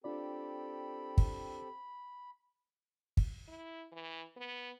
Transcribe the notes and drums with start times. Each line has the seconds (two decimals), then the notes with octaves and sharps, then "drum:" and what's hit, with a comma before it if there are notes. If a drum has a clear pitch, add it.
0.04 C4 D4 F4 G4 A4 D5 B5
1.18 drum: kick
3.17 drum: kick
3.48 E4
3.92 E3
4.37 B3